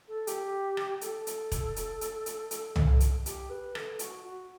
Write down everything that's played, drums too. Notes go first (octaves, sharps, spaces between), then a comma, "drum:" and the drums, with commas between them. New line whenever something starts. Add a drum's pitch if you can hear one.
A4
G4, drum: hi-hat
drum: rim click
A4, drum: hi-hat
drum: hi-hat
drum: kick E1, hi-hat
drum: hi-hat
drum: hi-hat
drum: hi-hat
drum: hi-hat
drum: tom C2
drum: hi-hat
G4, drum: hi-hat
B4
A4, drum: rim click
F#4, drum: hi-hat
F#4